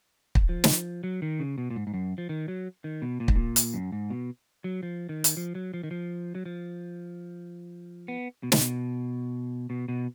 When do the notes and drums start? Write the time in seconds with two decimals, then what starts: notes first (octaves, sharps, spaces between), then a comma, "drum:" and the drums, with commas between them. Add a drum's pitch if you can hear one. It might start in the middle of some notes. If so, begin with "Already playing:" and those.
0.35 drum: kick
0.49 F3
0.64 drum: snare
1.04 F#3
1.22 D#3
1.40 C#3
1.58 B2
1.71 A#2
1.76 G#2
1.87 G#2
1.94 F#2
2.18 F3
2.29 D#3
2.48 F#3
2.84 D#3
3.02 B2
3.20 A#2
3.28 G#2, drum: kick
3.36 A#2
3.56 drum: hi-hat
3.74 F#2
3.92 G#2
4.10 B2
4.64 F#3
4.83 F3
5.09 D#3
5.24 drum: hi-hat
5.37 F3
5.55 F#3
5.74 F3
5.84 D#3
5.91 F3
6.35 F#3
6.46 F3
8.08 B3
8.43 B2
8.52 A#2, drum: snare
8.61 B2
9.70 B2
9.89 B2